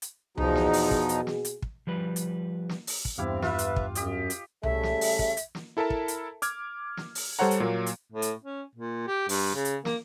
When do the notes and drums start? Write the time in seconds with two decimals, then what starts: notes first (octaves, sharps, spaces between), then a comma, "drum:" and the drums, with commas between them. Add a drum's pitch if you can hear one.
0.02 drum: hi-hat
0.38 E2 B2 F3 D#4 F#4 G#4, drum: tom C2
0.55 drum: snare
0.73 drum: open hi-hat
0.91 drum: kick
1.09 drum: hi-hat
1.27 drum: snare
1.45 drum: hi-hat
1.62 drum: kick
1.87 F3 G3 B4
2.16 drum: hi-hat
2.69 drum: snare
2.87 drum: open hi-hat
3.05 drum: kick
3.18 E2 G2 C4 E4 G4 F5
3.42 F4 B4 E5, drum: snare
3.59 drum: hi-hat
3.76 drum: kick
3.95 F#2 G4 D#5, drum: hi-hat
4.30 drum: hi-hat
4.63 C#3 G3 A3 E5, drum: tom C2
4.83 drum: snare
5.01 drum: open hi-hat
5.19 drum: kick
5.37 drum: hi-hat
5.55 drum: snare
5.77 E4 A4 A#4 E5 A5
5.90 drum: kick
6.08 drum: hi-hat
6.42 D6 F6 G#6, drum: hi-hat
6.97 drum: snare
7.15 drum: open hi-hat
7.39 G3 A4 C5 C#5 F#5 A#5
7.51 drum: hi-hat
7.60 A#2 F#3 A#3
7.86 drum: hi-hat
8.12 A2
8.22 drum: hi-hat
8.42 C#4
8.75 A#2
9.08 G4
9.29 G2, drum: open hi-hat
9.55 C#3
9.65 drum: hi-hat
9.85 A#3, drum: snare